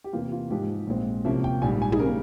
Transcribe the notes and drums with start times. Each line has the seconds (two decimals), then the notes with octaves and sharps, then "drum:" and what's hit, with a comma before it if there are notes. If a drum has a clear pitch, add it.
0.04 G4
0.13 E2 C3 E3 A#3 F4
0.32 F4
0.50 G#2 F3 G#3 G4
0.87 A#1 A#2 G#3 C4
1.25 C2 C3 F3 A#3 C#4 E5
1.44 G5, drum: kick
1.62 A#1 G#2 G3 G#5
1.82 G#5
1.92 G#4, drum: tom
1.99 C#3 G3 A#4